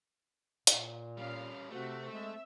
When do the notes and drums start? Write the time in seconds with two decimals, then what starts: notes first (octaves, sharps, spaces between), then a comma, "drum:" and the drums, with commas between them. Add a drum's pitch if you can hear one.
0.67 A#2, drum: hi-hat
1.17 G3 C#4 F5
1.70 C3 A3 C4 F#4
2.11 G#3 E5